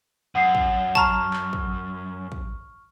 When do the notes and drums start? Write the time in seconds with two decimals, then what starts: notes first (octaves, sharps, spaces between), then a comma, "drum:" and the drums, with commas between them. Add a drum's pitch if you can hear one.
0.35 F#2 F#5 D#6 C7
0.55 drum: kick
0.95 A5 A#5 C#6 F6, drum: kick
1.33 drum: clap
1.53 drum: kick
2.32 drum: kick